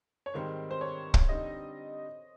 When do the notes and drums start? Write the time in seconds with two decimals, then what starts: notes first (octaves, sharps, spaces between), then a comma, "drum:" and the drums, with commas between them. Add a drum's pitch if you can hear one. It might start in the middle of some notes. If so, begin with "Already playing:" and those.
0.26 C#5
0.34 G#2 D#3 G3 C4 D#4 C5
0.71 C5
0.81 C#5
1.14 drum: kick
1.29 D3 G3 C4 D#4 D#5